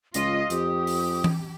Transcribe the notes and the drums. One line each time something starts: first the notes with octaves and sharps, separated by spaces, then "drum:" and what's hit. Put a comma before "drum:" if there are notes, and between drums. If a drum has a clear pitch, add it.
C#2 F4 D#5 A#6, drum: hi-hat
F2 G4 D#6, drum: hi-hat
drum: open hi-hat
drum: tom E3